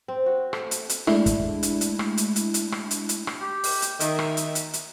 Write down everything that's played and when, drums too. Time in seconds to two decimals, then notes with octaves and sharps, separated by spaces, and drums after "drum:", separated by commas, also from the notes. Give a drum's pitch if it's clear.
0.08 C4
0.26 F#4
0.53 A3, drum: rim click
0.71 drum: hi-hat
0.89 drum: hi-hat
1.07 G#3 A3 D4 E4, drum: rim click
1.26 drum: kick, hi-hat
1.63 drum: hi-hat
1.81 drum: hi-hat
1.99 drum: rim click
2.17 drum: hi-hat
2.36 drum: hi-hat
2.54 drum: hi-hat
2.72 drum: rim click
2.91 drum: hi-hat
3.09 drum: hi-hat
3.27 drum: rim click
3.41 G4
3.64 drum: open hi-hat
3.82 drum: hi-hat
4.00 D#3 E5, drum: hi-hat
4.19 drum: rim click
4.37 drum: hi-hat
4.55 drum: hi-hat
4.73 drum: hi-hat